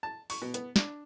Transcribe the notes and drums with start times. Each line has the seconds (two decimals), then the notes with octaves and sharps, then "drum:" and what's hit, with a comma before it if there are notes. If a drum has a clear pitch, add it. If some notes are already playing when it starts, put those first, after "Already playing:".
0.03 A5
0.30 C#6, drum: open hi-hat
0.42 B2
0.54 B3, drum: hi-hat
0.76 D4, drum: snare